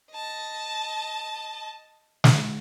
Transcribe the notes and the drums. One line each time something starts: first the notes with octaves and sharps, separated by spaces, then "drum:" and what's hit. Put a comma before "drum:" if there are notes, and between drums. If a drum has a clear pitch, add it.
D#5 A5
drum: snare